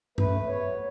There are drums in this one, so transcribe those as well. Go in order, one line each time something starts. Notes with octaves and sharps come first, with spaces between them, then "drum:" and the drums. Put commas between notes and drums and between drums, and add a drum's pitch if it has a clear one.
A3 B4, drum: tom G2
E2
C#5
F#3